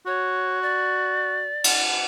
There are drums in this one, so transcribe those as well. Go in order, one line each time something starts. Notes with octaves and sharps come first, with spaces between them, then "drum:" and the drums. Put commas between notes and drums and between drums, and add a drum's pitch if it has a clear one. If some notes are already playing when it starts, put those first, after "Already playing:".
F#4 C#5
D5
drum: cymbal